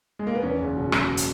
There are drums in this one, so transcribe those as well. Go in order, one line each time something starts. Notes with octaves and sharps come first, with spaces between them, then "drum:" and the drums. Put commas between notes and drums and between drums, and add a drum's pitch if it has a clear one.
G#3
A#3
B3
E2 C#4
F#1
B2
F#1, drum: rim click
drum: hi-hat